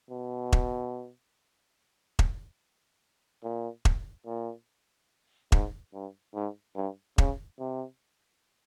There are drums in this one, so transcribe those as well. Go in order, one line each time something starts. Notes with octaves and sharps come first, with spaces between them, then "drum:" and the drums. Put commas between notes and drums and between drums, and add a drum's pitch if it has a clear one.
B2
drum: kick E1
drum: kick E1
A#2
drum: kick E1
A#2
G#2, drum: kick E1
G2
G#2
G2
C#3, drum: kick E1
C3